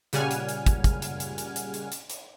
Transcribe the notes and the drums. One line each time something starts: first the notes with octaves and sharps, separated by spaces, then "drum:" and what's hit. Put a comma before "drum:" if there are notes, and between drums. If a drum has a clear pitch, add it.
A#2 C#3 G3 F#5 G#5 F6, drum: hi-hat
drum: hi-hat
drum: hi-hat
drum: kick, hi-hat
drum: kick, hi-hat
drum: hi-hat
drum: hi-hat
drum: hi-hat
drum: hi-hat
drum: hi-hat
drum: hi-hat
drum: hi-hat